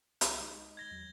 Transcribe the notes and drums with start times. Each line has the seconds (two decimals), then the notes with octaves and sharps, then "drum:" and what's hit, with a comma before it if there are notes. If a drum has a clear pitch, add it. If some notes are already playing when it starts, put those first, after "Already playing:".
0.21 C2 G#4 E5, drum: hi-hat
0.40 G#3 D#4 D#5
0.77 G#6 A#6 G7
0.91 E2 F#3